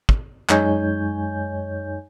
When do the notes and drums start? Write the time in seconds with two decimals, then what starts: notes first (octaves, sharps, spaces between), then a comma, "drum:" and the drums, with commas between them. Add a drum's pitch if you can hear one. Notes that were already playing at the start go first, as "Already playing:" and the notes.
0.09 drum: kick
0.49 F#2 G#3 D#4 C#5 G#5 G6, drum: clap